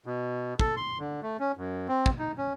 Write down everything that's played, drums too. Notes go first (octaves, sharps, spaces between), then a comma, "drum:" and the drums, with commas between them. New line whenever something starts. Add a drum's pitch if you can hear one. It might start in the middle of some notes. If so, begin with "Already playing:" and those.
B2
A4, drum: kick
C6
D3
A3
C#4
F#2
C4
drum: kick
D#4
C#4